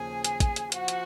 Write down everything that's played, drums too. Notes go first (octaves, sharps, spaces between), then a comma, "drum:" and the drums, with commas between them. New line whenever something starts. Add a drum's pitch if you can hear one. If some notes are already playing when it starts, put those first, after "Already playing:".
Already playing: D#2 C#3 F3 G#4 G#5
drum: hi-hat
drum: kick, hi-hat
drum: hi-hat
F3 F#4 F#5, drum: hi-hat
drum: hi-hat